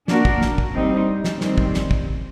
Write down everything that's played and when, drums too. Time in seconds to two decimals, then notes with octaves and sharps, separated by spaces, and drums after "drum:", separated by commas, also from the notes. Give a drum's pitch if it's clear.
0.08 A#3 D4 F#4 A#4, drum: snare
0.25 drum: kick
0.42 drum: snare
0.58 drum: kick
0.75 G3 C4 D#4
1.24 drum: snare
1.41 D#3 G3 C4, drum: snare
1.58 drum: kick
1.74 drum: snare
1.91 drum: kick